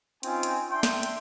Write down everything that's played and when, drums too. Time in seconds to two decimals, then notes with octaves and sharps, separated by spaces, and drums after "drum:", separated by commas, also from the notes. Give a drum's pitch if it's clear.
0.23 C4 C#4 D#4 F4 G#5, drum: hi-hat
0.43 drum: hi-hat
0.70 D4 E5 G5 C6
0.83 drum: snare
1.03 drum: hi-hat